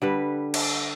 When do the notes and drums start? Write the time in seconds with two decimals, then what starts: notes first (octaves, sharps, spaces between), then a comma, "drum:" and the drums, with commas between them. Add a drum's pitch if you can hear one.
0.02 D3 G3 B4
0.54 drum: cymbal